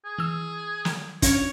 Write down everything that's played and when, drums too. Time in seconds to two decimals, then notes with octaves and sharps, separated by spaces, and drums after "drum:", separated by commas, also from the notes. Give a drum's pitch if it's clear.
0.04 G#4
0.19 E3 E6
0.85 drum: snare
1.22 F3 C#4 D4 C#5, drum: kick, hi-hat